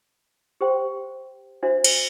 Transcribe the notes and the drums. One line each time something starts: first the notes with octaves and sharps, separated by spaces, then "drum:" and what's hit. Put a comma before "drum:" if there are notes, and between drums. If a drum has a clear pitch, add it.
G4 C5 G5 C6
D4 F#4 C5 E5
drum: cymbal